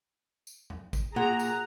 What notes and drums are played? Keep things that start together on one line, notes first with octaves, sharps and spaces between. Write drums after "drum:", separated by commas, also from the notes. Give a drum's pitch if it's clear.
drum: tambourine
drum: tom E2
drum: kick, tambourine
A#2 G#4 F#5 A#5
drum: tambourine